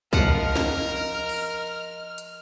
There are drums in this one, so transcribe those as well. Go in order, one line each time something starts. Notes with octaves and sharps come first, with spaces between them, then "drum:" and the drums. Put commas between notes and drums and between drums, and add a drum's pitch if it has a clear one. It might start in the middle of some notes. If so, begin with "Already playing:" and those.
F3 F4 A#4 D#5 F#5 F6, drum: kick
drum: snare
drum: cymbal
drum: hi-hat